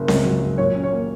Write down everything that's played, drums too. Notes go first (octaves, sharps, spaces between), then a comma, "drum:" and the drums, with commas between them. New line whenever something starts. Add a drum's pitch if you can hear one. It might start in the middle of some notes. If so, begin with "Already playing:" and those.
Already playing: F#1
C#2, drum: snare C4
F#3
F#3
A#2 C#5
C#4
C#5
A#3